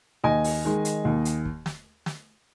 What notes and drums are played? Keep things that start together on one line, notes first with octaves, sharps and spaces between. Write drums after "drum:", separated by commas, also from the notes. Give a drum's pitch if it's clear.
D#2 D#5 G#5
drum: open hi-hat
D#3 G#3
drum: hi-hat
D#2
drum: hi-hat
drum: kick
drum: snare
drum: snare